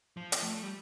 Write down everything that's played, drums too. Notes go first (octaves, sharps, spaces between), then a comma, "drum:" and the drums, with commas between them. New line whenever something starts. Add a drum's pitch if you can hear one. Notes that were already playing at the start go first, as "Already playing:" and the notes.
F3
drum: hi-hat
A3
G3